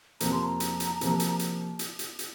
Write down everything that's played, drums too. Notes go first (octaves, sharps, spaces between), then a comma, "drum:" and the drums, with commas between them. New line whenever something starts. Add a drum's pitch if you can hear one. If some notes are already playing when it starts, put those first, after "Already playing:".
F2 C3 F3 A#3 A#5, drum: hi-hat
C6
A#5
drum: hi-hat
drum: hi-hat
C3 F3 A#3, drum: hi-hat
drum: hi-hat
drum: hi-hat
drum: hi-hat
drum: hi-hat
drum: hi-hat